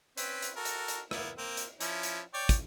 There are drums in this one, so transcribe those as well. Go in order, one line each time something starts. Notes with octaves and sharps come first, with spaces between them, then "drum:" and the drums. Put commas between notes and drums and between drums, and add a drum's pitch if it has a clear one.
C4 C#4 B4, drum: hi-hat
drum: hi-hat
F#4 A4 A#4
drum: hi-hat
drum: hi-hat
A#3 B3 E4, drum: rim click
A#3 C4
drum: hi-hat
F3 C#4 E4, drum: hi-hat
drum: hi-hat
C#5 D5 G5
drum: kick, hi-hat